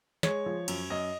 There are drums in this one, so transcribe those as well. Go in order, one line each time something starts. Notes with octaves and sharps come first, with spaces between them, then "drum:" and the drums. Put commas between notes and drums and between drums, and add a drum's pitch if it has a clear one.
G#3 C#5, drum: snare
F3
F#2, drum: cymbal
F#2 D#5